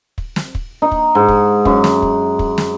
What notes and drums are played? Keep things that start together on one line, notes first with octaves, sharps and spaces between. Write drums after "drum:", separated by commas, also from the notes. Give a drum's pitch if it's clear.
drum: kick
drum: snare
drum: kick
D#4
drum: kick
G#2
drum: kick
F#2, drum: kick
drum: snare
drum: kick
drum: kick
drum: snare